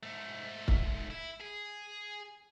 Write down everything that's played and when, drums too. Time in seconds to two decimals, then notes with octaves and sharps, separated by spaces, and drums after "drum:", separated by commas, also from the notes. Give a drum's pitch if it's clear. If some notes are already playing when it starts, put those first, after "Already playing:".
0.03 G#2 A3
0.68 drum: kick
1.10 E4
1.41 G#4